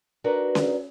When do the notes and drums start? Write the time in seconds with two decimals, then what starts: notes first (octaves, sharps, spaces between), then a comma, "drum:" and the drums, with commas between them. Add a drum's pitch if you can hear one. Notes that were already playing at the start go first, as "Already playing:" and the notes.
0.24 D4 D#4 F#4 A#4 B4 D5
0.55 drum: snare C#4